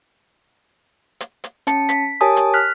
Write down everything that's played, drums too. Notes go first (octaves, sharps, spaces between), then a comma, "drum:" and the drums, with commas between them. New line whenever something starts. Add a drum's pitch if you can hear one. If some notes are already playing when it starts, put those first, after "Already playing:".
drum: hi-hat
drum: hi-hat
C#4 A5 C#7, drum: hi-hat
B6, drum: hi-hat
G4 A#4 C#5 G#5 A5 D#6
drum: hi-hat
F6 F#6 B6